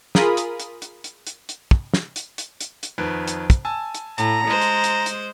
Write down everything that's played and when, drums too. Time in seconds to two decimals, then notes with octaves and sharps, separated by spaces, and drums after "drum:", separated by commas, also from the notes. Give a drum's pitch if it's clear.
0.15 F4 G#4 A#4 B5 D#6, drum: snare
0.37 drum: hi-hat
0.60 drum: hi-hat
0.82 drum: hi-hat
1.04 drum: hi-hat
1.27 drum: hi-hat
1.49 drum: hi-hat
1.71 drum: kick
1.94 drum: snare
2.16 drum: hi-hat
2.38 drum: hi-hat
2.61 drum: hi-hat
2.83 drum: hi-hat
2.98 F2 D#3 B4
3.28 drum: hi-hat
3.50 drum: kick, hi-hat
3.65 G#5 A5 E6
3.94 drum: hi-hat
4.18 A2 A5 A#5, drum: hi-hat
4.48 G#3 C5
4.61 drum: hi-hat
4.84 drum: hi-hat
5.06 drum: hi-hat